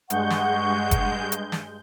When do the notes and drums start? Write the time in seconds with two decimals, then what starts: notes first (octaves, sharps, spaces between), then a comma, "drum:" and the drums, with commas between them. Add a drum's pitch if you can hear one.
0.10 G2 G#3 F#5 C#6 G6, drum: hi-hat
0.30 drum: snare
0.91 drum: kick F#1, hi-hat
1.32 drum: hi-hat
1.52 drum: snare